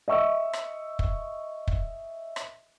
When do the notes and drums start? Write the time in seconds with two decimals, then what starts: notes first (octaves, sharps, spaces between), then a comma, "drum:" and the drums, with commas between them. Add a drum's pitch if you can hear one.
0.08 D#5 E5 C#6 E6
0.53 drum: rim click
0.99 drum: kick
1.68 drum: kick
2.36 drum: rim click